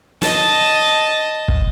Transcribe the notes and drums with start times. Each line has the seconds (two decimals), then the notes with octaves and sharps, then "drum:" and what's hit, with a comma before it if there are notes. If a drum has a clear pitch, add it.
0.22 D#5 A5, drum: snare
1.48 drum: kick